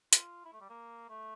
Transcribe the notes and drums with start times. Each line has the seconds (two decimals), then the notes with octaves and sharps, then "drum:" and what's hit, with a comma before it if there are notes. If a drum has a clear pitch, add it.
0.13 F4, drum: hi-hat
0.45 E4
0.53 A3
0.61 G3
0.69 A#3
1.10 A3